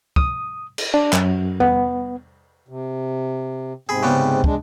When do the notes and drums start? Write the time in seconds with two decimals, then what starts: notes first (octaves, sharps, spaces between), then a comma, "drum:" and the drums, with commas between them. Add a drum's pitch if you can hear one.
0.16 D#6, drum: kick
0.78 drum: cymbal
0.94 D4
1.13 F#2, drum: clap
1.60 B3, drum: tom E2
2.68 C3
3.89 G#2 C3 C4 G#4 B5
4.03 C#3 G3 B3
4.44 G#3 D4, drum: kick